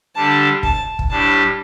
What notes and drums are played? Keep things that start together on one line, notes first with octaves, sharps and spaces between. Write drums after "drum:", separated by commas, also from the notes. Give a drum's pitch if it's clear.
D3 G3 D4 G4 A5
A5, drum: kick
drum: kick
A2 G3 D4 G4 A5